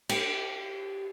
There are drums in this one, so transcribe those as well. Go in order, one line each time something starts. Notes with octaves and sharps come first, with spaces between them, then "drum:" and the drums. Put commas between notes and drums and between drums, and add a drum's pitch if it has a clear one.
G4, drum: cymbal